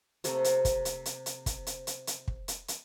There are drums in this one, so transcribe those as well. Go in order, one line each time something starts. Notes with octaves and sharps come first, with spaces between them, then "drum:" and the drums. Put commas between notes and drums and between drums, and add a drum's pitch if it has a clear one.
C3 A3 A#3, drum: hi-hat
drum: hi-hat
drum: kick, hi-hat
drum: hi-hat
drum: hi-hat
drum: hi-hat
drum: kick, hi-hat
drum: hi-hat
drum: hi-hat
drum: hi-hat
drum: kick
drum: hi-hat
drum: hi-hat